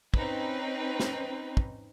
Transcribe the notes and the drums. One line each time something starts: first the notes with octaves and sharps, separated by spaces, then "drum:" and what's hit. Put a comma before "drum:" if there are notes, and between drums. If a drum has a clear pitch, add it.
C4 C#4 D#4 B4, drum: kick
drum: snare
drum: kick